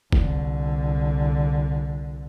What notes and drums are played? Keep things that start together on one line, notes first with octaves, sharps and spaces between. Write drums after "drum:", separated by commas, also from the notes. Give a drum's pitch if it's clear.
C2 D3, drum: kick